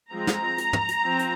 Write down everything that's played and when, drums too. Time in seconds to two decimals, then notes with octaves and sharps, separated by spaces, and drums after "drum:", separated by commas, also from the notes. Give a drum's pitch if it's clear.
0.12 F3 G#3 C4 A#5
0.27 drum: snare
0.58 drum: hi-hat
0.73 drum: tom
0.88 drum: hi-hat
1.04 F3 C4
1.19 drum: hi-hat